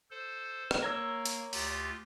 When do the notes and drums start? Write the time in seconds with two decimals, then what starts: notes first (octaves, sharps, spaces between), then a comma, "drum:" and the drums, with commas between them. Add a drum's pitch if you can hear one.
0.11 A4 C5
0.71 drum: rim click
0.83 A#3 A#4 C#5 E6
1.26 drum: hi-hat
1.53 D2 F4 G4, drum: open hi-hat